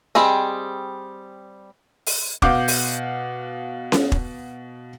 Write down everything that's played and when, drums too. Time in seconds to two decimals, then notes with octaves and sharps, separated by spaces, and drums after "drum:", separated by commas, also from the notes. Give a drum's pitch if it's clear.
0.15 G3 C4 G#4 D#5
2.06 drum: open hi-hat
2.42 B2 F5 F#5 D6 G6, drum: kick
2.68 drum: open hi-hat
3.92 drum: snare C#4
4.12 drum: kick